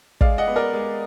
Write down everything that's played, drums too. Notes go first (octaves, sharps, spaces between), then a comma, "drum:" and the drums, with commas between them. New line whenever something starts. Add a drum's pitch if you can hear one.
G#3 D5 F5, drum: kick
D#5 F#5
B3
A#4 D5
G#3